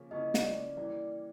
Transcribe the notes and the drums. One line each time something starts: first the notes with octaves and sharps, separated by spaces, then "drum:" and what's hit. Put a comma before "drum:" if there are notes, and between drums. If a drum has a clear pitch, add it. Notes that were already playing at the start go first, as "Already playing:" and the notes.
Already playing: C#3 F3 A#3 C#4
C#3 F3 A#3 C#4 E4 D#5
drum: snare
D5
E3 G3 A#3 D5